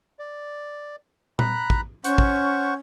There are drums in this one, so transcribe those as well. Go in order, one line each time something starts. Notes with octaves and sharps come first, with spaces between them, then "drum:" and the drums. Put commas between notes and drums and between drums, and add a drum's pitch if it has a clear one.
D5
A#5 B5 F#6, drum: tom A#2
drum: kick
C#4 C5 F#5 C#6, drum: hi-hat
drum: kick